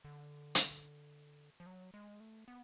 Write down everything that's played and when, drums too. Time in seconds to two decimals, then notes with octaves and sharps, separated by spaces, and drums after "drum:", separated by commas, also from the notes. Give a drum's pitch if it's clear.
0.05 D3
0.55 drum: hi-hat
1.60 F3
1.66 F#3
1.94 G#3
2.20 A3
2.48 B3